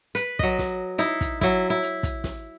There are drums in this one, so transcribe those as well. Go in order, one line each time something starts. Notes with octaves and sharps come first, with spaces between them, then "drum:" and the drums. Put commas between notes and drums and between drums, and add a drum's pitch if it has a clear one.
B4, drum: hi-hat
F#3 D#5, drum: kick
drum: snare
D#4 E4, drum: hi-hat
drum: kick, hi-hat
F#3 E4, drum: snare
E4
drum: hi-hat
drum: kick, hi-hat
drum: snare